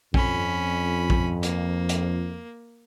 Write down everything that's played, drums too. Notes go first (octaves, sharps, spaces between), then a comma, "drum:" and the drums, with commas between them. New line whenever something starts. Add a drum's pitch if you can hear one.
F2 C#4 B5, drum: kick A#1
drum: kick A#1
A#3, drum: hi-hat
drum: hi-hat